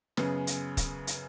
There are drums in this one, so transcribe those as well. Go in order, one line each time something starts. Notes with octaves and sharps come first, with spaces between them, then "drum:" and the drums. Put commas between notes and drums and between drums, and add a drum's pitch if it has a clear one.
F#2 C#3 B3 G#4, drum: snare
drum: hi-hat
drum: kick, hi-hat
drum: hi-hat